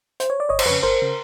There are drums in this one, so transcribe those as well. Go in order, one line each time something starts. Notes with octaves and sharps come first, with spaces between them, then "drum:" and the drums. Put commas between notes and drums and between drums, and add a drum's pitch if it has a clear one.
C5, drum: hi-hat
C#5
D5
G1 C#5 D#5
C5, drum: cymbal
F2 C#3 B4 C#5
G1 A#4 C5
C#3